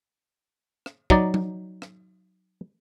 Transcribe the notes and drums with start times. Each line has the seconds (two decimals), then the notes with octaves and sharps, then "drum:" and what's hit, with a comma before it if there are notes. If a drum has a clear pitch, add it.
0.86 drum: rim click
1.10 F#3 D#4 D5, drum: kick
1.34 drum: tom F#3
1.82 drum: rim click